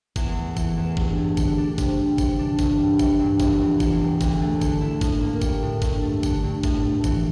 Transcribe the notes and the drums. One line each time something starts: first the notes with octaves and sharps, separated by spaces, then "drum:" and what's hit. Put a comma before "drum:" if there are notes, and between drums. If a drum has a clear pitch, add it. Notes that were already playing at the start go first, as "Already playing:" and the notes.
E2, drum: kick G1, tambourine
A3
E3, drum: kick G1, tambourine
E2
G2, drum: kick G1
A3
D3, drum: kick G1, tambourine
D4
C3, drum: kick G1, tambourine
G3
E3, drum: kick G1, tambourine
D4
G2, drum: kick G1, tambourine
G3
E3, drum: kick G1, tambourine
G2
F1, drum: kick G1, tambourine
E3
E2, drum: kick G1, tambourine
G3
D2, drum: kick G1, tambourine
A3
D3, drum: kick G1, tambourine
E4
A2, drum: kick G1, tambourine
A#3
G3, drum: kick G1, tambourine
A2
G2, drum: kick G1, tambourine
A3
D3, drum: kick G1, tambourine
G2
A2, drum: kick G1, tambourine
A3
E3, drum: kick G1, tambourine